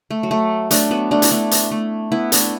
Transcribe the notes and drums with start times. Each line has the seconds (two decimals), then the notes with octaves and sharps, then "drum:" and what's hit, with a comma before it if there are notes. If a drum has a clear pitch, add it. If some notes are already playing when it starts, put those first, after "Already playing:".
0.10 A3
0.23 F#3
0.31 A3
0.71 A3 D4, drum: hi-hat
0.91 F#3 B3
1.11 A3 D4
1.22 E4, drum: hi-hat
1.31 A3 D4
1.51 drum: hi-hat
1.71 A3
2.12 B3 E4
2.32 A3 D4, drum: hi-hat